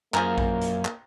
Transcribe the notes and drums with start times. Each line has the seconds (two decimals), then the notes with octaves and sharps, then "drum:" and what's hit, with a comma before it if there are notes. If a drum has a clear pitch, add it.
0.14 F#2 F3 A#3 G#4 A#4, drum: clap
0.38 drum: kick A#1
0.61 drum: hi-hat
0.85 drum: clap